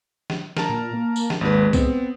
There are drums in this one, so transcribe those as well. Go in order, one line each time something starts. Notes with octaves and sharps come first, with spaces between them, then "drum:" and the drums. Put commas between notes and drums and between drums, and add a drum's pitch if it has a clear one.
drum: snare
A#4 A5 A#5, drum: snare
A#2
A#3
drum: tambourine
drum: snare
G#1 D#2 G#3 B4
B3 C4, drum: kick, tambourine